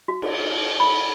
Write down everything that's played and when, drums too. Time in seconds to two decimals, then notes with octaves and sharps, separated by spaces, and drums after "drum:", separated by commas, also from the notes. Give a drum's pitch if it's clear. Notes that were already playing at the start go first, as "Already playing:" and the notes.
0.08 F#4
0.22 drum: cymbal
0.80 B5